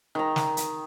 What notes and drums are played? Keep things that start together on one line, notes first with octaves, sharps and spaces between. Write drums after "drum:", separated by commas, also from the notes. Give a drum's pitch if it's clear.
D#3 A#5
drum: snare
drum: hi-hat